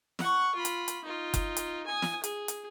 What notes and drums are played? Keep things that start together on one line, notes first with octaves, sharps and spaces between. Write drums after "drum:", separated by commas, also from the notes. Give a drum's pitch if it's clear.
F#5 C#6, drum: snare
F4 B5
drum: hi-hat
drum: hi-hat
D#4 F4
drum: kick F#1, hi-hat
drum: hi-hat
G#5 D#6
drum: snare
G#4, drum: hi-hat
drum: hi-hat